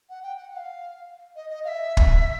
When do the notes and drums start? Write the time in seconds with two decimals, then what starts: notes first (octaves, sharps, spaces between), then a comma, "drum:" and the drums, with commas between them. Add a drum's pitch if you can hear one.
0.10 F#5
0.23 G5
0.37 F#5
0.52 F#5
0.56 F5
1.36 D#5
1.50 D#5
1.64 F5
1.68 E5
1.97 drum: kick